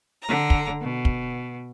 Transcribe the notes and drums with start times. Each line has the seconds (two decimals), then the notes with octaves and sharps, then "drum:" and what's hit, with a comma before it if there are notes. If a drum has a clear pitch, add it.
0.23 D3 A#5
0.50 drum: kick
0.80 B2
1.05 drum: kick